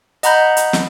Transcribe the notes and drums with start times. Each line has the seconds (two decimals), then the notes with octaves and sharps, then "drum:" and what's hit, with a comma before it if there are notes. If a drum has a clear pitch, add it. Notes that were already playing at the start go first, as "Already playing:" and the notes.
0.23 D#5 F#5 A#5 B5 G6, drum: hi-hat
0.57 drum: hi-hat
0.73 drum: snare